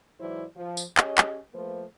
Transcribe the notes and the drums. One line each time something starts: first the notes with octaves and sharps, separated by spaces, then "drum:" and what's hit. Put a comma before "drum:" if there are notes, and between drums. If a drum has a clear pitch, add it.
G#2 E3 F#3 E4 C5 D5
F3
drum: tambourine
C#4 G4 G#4 C#5 D#5, drum: clap
drum: clap
F3 A3 A#3 B4 C5